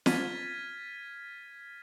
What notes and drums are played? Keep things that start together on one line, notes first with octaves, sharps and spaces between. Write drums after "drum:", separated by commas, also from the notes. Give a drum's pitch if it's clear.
F6 G#6 A6 B6 D#7, drum: snare